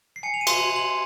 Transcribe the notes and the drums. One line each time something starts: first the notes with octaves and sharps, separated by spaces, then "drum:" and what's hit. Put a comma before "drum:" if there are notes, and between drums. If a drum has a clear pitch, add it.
C7
G#5 C#7
F7
D#7
C6, drum: cymbal
F#7
C6
F#7